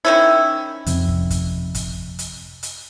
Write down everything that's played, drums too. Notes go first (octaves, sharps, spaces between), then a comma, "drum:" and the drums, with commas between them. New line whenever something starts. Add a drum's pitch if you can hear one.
D#3 C#4 E4
F2 C3, drum: hi-hat
drum: kick
drum: kick, hi-hat
drum: kick, hi-hat
drum: hi-hat
drum: hi-hat